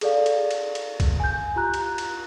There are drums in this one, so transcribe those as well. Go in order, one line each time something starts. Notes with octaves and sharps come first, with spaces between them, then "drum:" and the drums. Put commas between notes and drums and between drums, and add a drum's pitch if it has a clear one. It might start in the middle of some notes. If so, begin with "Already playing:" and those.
G#4 A4 D5 F5, drum: cymbal
drum: cymbal
drum: cymbal
drum: cymbal
drum: kick, cymbal
G#5 G6
F4 G4 A#5 F#6
drum: cymbal
drum: cymbal